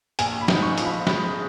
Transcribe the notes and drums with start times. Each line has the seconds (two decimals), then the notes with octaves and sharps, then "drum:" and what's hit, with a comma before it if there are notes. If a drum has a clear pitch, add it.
0.19 A#1 G#5, drum: hi-hat
0.41 B5
0.48 G#2, drum: snare
0.62 C#6
0.77 F3, drum: hi-hat
0.85 B5
1.07 G#3 B5, drum: snare